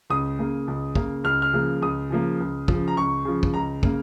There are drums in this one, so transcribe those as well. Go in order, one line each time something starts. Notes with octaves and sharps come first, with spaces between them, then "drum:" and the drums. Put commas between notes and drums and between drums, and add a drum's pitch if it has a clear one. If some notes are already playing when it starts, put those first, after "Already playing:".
C#2 D#6
C#3 A#3
C#2
C#3 A#3, drum: kick
C#2 F6
F6
C#3 F3 A#3
C#2 D#6
C#3 F3 A#3
C#2
C#3 F3, drum: kick
A#5
C#2 C#6
C#3 F3
drum: kick
C#2 A#5
C#3 A#3, drum: kick